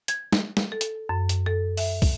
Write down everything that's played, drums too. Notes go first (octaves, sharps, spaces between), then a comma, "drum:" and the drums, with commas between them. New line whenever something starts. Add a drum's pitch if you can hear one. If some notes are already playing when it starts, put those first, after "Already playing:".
G#6, drum: hi-hat
drum: snare
drum: snare
A4
drum: hi-hat
F#2
drum: hi-hat
A4
E5, drum: open hi-hat
drum: kick, open hi-hat